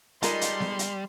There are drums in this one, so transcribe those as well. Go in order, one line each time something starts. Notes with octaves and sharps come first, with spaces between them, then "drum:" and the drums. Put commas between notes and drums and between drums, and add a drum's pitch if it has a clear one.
G3 G#3 D#4 F4 A4 A#4 C6, drum: hi-hat
drum: hi-hat
drum: snare B3
drum: hi-hat